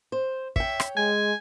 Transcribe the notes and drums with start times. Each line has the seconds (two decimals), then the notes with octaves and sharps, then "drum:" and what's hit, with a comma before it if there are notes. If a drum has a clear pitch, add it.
0.12 C5
0.56 C#5 E5 G5, drum: kick
0.80 drum: rim click
0.97 G#3 G#5